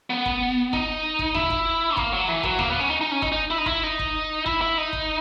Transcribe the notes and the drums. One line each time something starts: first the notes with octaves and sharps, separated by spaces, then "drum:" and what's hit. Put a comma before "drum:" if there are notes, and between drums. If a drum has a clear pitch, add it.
B3
drum: kick
D#4, drum: kick
drum: kick
E4, drum: tom D2
drum: kick
A#3, drum: kick
F#3
E3
F#3, drum: kick
A#3, drum: tom D2
B3
C#4
D#4
D#4
C#4
D#4, drum: kick
D#4
E4
D#4
E4, drum: kick
D#4
drum: kick
E4, drum: kick
E4
D#4
drum: kick